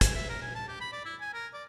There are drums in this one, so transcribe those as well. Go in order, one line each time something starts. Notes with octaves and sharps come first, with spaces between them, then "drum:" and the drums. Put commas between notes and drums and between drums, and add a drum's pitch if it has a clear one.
G#5, drum: kick, hi-hat
E5
A#4
G#5
A5
G4
B5
D5
E4
G#5
A#4
D5